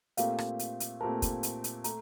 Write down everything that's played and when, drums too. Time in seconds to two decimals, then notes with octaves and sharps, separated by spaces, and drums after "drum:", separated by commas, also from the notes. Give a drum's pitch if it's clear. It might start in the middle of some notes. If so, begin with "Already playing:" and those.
0.17 A#2 A3 C4 G4 A#4 F5, drum: hi-hat
0.38 drum: rim click
0.59 drum: hi-hat
0.80 drum: hi-hat
1.01 A#2 A3 C4 G4 A#4 A5
1.22 drum: kick, hi-hat
1.43 drum: hi-hat
1.64 drum: hi-hat
1.84 A3 A#5, drum: hi-hat